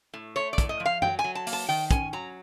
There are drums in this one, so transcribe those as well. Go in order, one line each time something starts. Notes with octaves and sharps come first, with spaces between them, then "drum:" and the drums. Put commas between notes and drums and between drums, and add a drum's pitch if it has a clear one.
A2
A3 C#5
D5
A2, drum: kick, hi-hat
D#5
F3
F5
F#3 G5, drum: tom F#2
G#5
F#3
A5
A#3, drum: open hi-hat
A5
D#3 G5
C#4 G#5, drum: kick, hi-hat
F#3 A#5